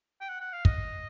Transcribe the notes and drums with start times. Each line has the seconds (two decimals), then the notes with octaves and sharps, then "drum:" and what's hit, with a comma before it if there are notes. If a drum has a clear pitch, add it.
0.21 G5
0.29 F#5
0.41 F#5
0.53 F5
0.65 D#5, drum: kick